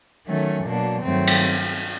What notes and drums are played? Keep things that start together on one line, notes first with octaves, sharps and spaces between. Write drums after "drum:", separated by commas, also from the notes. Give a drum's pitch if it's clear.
D#3 F#3 A3 C#4
B2 F#3 A#3 D4
G2 D#3 F#3 A3 C4
drum: cymbal